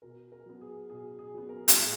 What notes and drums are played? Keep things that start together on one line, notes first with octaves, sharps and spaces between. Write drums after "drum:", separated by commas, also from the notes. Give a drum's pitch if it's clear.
B2 A#4
A#4
F#3 B3
G#4
B2 G#4
G#4
F#3 B3
A#4
drum: hi-hat
A2 G#4